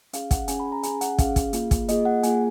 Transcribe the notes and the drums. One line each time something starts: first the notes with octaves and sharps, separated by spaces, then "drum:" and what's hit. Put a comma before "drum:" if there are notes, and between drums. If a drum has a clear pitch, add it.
C#4 G#4 F5, drum: hi-hat
F#5, drum: kick, hi-hat
C#4 G#4 G#5, drum: hi-hat
B5
A#5
C#4 G#4 G#5, drum: hi-hat
F#5, drum: hi-hat
C#4 G#4 F5, drum: kick, hi-hat
drum: kick, hi-hat
A#3 F4 G#4, drum: hi-hat
drum: kick, hi-hat
A#3 F4 G#4 D#5, drum: hi-hat
F#5
A#3 F4 G#4 G#5, drum: hi-hat